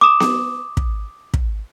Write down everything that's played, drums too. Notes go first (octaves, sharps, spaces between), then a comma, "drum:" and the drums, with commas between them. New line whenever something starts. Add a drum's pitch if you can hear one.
D6 D#6 E7
drum: snare B3
drum: kick
drum: kick